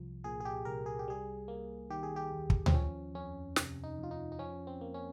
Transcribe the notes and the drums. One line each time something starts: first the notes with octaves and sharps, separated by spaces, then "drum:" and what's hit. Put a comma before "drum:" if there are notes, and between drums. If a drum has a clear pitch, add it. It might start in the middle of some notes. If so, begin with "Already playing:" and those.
Already playing: C2 F3
A#2 G#4
G#4
G4
C2 A#4
G#4
G4
G3 G#4
A#3
D#3 G4
G#4
G4
D#2
drum: kick
C4, drum: tom D2
F3 C#4
F2 C#4
C3, drum: snare
D#4
F2
F4
D#4
D#4
F3 C#4
C4
A#3
C#4